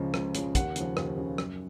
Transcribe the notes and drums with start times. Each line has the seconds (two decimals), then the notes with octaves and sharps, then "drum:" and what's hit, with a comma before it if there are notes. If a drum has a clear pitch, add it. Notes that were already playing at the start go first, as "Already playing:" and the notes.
Already playing: C#2 C#3 F3
0.14 C#2, drum: rim click
0.35 C#3 F3, drum: hi-hat
0.55 D#2 F#5, drum: kick, hi-hat
0.76 C#3 F3, drum: hi-hat
0.97 D#2, drum: rim click
1.17 C#3 F3
1.38 F#2, drum: rim click